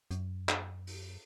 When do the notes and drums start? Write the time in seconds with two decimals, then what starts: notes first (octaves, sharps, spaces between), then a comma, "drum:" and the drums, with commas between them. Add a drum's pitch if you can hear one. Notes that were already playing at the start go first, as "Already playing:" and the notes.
0.11 F#2, drum: hi-hat
0.49 drum: clap
0.87 drum: open hi-hat